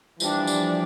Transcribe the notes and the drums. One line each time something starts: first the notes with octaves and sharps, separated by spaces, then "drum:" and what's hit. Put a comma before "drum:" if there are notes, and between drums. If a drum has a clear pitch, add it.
E3 F3 G3 D4 G4, drum: tambourine
drum: tambourine